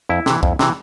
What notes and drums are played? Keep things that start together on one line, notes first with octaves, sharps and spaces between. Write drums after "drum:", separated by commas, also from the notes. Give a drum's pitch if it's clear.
F2 E4
C3 E3, drum: snare
F2, drum: kick C2
C3 E3, drum: snare